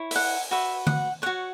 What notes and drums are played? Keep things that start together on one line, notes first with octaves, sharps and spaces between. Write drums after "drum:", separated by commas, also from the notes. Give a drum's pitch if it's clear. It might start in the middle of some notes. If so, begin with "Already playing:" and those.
Already playing: E4 C#5
E5, drum: open hi-hat
F#5
F#4 B4 E5
F#5, drum: tom D3
F#4 C#5 F#5